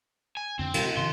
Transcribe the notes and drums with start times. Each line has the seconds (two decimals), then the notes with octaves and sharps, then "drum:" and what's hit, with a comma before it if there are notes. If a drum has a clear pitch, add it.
0.37 G#5
0.59 F2 D3 C4
0.74 C3 E3 G#3, drum: cymbal
0.97 C3 D#3 F3 C6